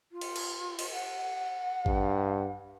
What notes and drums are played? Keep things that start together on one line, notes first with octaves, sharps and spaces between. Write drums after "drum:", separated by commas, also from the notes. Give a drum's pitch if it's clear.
F4
drum: cymbal
drum: cymbal
drum: cymbal
F#5
G2, drum: kick A1